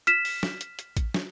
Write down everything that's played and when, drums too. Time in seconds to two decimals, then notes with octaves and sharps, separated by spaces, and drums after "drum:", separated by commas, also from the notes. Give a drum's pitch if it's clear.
0.07 F6 B6 E7, drum: hi-hat
0.25 drum: open hi-hat
0.43 drum: snare
0.61 drum: hi-hat
0.79 drum: hi-hat
0.97 drum: kick A1, hi-hat
1.14 drum: snare